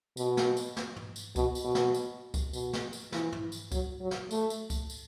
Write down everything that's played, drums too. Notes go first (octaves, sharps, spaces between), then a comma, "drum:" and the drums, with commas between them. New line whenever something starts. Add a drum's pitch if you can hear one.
B2, drum: tambourine
drum: snare
drum: tambourine
drum: snare
drum: tom
drum: tambourine
B2, drum: kick C#2, tambourine
drum: tambourine
B2
drum: snare
drum: tambourine
drum: kick C#2, tambourine
B2, drum: tambourine
drum: snare
drum: tambourine
E3, drum: snare
drum: tom
drum: tambourine
F#3, drum: kick C#2, tambourine
F#3
drum: snare
A3, drum: tambourine
drum: tambourine
drum: kick C#2, tambourine
drum: tambourine